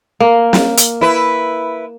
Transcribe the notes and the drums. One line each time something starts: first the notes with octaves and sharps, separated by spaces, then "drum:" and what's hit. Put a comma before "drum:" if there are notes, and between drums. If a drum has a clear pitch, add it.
A#3
drum: snare
drum: hi-hat
E4 B4